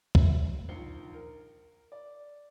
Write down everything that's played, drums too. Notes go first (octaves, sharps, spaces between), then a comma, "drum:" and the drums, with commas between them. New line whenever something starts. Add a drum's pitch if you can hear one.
E5, drum: kick
A#1 D#3 F3 C7 C#7 G7
A#4
D5